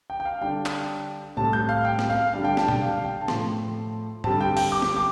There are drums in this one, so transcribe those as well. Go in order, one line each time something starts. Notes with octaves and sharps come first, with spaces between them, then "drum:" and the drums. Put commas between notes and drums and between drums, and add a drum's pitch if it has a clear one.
G5
G5
F5
D3 G3 D4 G5
G5, drum: clap
A2 G3 C4 A5
G6
F5
G5
drum: snare
F5
D3 G3 D4 F5
G5
A5, drum: snare
G5, drum: tom A#2
F5
G5
A5
A2 F3 A3 C6, drum: snare
D3 G3 C4 A5, drum: tom G#2
G5
G5, drum: open hi-hat
D6
drum: snare
D6